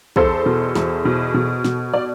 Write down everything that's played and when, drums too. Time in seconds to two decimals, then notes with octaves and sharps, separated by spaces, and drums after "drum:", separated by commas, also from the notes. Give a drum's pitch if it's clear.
0.16 E2 A4 C5, drum: kick
0.46 B2
0.75 E2, drum: snare
1.05 B2
1.34 B2
1.64 B2, drum: snare
1.94 D5